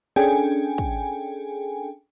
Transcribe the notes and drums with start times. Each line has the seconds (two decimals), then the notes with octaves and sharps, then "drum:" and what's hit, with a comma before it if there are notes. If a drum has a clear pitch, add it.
0.16 C#4 D4 G#4 A4 G5 G#5
0.78 drum: kick